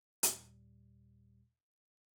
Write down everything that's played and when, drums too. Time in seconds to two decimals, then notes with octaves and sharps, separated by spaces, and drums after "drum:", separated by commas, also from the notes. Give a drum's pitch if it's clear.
0.23 D#2 A#2 G3, drum: hi-hat